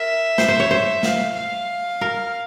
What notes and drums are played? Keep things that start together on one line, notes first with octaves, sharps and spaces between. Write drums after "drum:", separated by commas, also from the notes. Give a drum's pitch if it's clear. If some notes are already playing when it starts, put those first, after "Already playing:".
Already playing: A#4 E5
C5, drum: snare
C5
C#5
C5
F5, drum: snare
F5
A#4